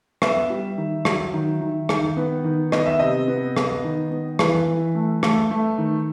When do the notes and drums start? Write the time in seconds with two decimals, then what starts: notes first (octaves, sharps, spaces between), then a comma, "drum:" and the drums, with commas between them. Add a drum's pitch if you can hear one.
0.22 B3 E5, drum: rim click
0.50 G3
0.77 D#3
1.05 F#3, drum: rim click
1.34 D#3
1.61 D#3
1.89 D#3, drum: rim click
2.17 B3
2.44 D#3
2.72 B3 D#5, drum: rim click
2.86 E5
2.99 C3 D#5
3.28 B3
3.57 B3, drum: rim click
3.84 D#3
4.11 B3
4.39 E3 B4, drum: rim click
4.67 E3
4.95 A3
5.23 A3, drum: rim click
5.51 A3
5.78 D#3